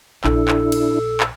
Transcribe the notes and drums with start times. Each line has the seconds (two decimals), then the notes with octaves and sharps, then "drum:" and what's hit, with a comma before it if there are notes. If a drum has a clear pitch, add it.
0.24 A#1 D4 E4 A4, drum: clap
0.48 drum: clap
0.72 drum: cymbal
1.20 drum: clap